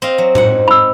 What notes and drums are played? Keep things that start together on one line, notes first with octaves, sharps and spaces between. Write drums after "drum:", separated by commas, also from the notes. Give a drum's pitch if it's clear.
C4 D#5 F5
F#3
G#2 F#5, drum: tom A2
B5 E6